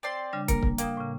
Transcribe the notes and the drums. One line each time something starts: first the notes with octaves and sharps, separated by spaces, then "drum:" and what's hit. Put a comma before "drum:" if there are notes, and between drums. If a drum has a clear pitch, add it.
C4 D5 C6
C#3 G3 D4
A#3 A#4, drum: kick, hi-hat
drum: kick
A#3 G5 D#6, drum: hi-hat
A2 C#3